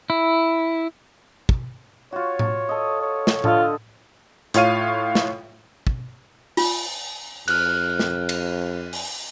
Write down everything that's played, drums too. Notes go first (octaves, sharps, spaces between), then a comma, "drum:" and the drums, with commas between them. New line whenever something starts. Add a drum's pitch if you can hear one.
E4
drum: kick
F4 F#4 C#5
drum: tom A2
A4 D#5
C#5
drum: snare
D3 F4 A4 D#5, drum: tom A2
A2 F4 C#5 F5 D#7, drum: hi-hat
drum: snare
drum: kick
F4, drum: open hi-hat
F2 F6 F#6, drum: cymbal
drum: snare
drum: cymbal
drum: open hi-hat